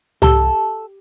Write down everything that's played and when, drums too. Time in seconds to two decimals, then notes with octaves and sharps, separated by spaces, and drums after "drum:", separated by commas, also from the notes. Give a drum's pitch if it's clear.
0.22 G4 A4, drum: tom C2